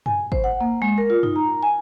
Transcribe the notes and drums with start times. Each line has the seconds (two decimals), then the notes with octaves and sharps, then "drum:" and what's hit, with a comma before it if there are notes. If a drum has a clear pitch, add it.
0.06 G#5, drum: tom F#2
0.32 C5, drum: kick G#1
0.44 F#5
0.61 A#3
0.82 G#3
0.98 A#4
1.10 F4
1.23 D#4, drum: tom F#2
1.36 A#5
1.63 G#5